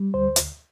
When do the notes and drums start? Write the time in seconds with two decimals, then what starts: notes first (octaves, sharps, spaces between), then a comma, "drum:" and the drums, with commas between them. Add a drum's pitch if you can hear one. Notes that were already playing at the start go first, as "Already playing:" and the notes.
Already playing: G3
0.14 D2 C5
0.36 drum: hi-hat